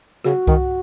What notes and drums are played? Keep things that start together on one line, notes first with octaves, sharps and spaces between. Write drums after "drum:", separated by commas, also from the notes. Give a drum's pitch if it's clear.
C#3 F#4, drum: rim click
D#3, drum: kick C2, tambourine